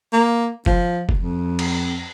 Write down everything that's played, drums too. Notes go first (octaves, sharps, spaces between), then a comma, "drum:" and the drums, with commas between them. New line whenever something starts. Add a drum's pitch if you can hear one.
A#3
F3, drum: kick F1
drum: kick F1
F2
drum: cymbal